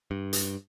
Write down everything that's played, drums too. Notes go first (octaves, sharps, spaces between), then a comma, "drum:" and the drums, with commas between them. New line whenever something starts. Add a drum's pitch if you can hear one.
G2
drum: hi-hat